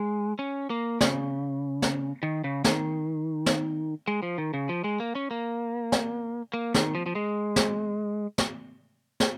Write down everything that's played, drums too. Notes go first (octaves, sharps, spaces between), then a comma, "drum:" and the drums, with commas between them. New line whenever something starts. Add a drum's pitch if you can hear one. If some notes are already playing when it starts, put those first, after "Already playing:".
Already playing: G#3
C#4
A#3
C#3, drum: snare
drum: snare
D#3
C#3
D#3, drum: snare
drum: snare
G#3
F3
D#3
C#3
F3
G#3
A#3
C#4
A#3
drum: snare
A#3
D#3, drum: snare
F3
F3
G#3
drum: snare
drum: snare
drum: snare